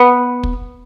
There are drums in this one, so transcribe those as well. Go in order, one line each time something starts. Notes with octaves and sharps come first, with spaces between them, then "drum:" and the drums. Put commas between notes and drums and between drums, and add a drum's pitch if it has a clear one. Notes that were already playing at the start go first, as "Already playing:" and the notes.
Already playing: B3
drum: kick